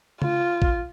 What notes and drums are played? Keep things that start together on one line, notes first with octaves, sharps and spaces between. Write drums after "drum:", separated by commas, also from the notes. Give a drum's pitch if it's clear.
F4, drum: tom C#3
drum: kick